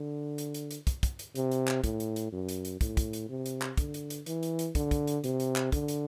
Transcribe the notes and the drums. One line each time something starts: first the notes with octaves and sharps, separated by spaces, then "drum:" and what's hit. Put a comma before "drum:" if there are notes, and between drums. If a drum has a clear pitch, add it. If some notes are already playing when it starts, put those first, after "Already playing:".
Already playing: D3
drum: hi-hat
drum: hi-hat
drum: hi-hat
drum: kick, hi-hat
drum: kick, hi-hat
drum: hi-hat
C3, drum: hi-hat
drum: hi-hat
drum: clap
A2, drum: kick, hi-hat
drum: hi-hat
drum: hi-hat
F#2
drum: hi-hat
drum: hi-hat
A2, drum: kick, hi-hat
drum: kick, hi-hat
drum: hi-hat
C3
drum: hi-hat
drum: clap
D3, drum: kick, hi-hat
drum: hi-hat
drum: hi-hat
E3, drum: hi-hat
drum: hi-hat
drum: hi-hat
D3, drum: kick, hi-hat
drum: kick, hi-hat
drum: hi-hat
C3, drum: hi-hat
drum: hi-hat
drum: clap
D3, drum: kick, hi-hat
drum: hi-hat